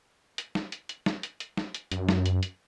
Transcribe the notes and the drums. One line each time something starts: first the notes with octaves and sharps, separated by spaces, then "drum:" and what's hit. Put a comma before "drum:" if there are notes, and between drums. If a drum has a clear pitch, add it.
drum: hi-hat
drum: snare
drum: hi-hat
drum: hi-hat
drum: snare
drum: hi-hat
drum: hi-hat
drum: snare
drum: hi-hat
F#2, drum: hi-hat
drum: snare
drum: hi-hat
drum: hi-hat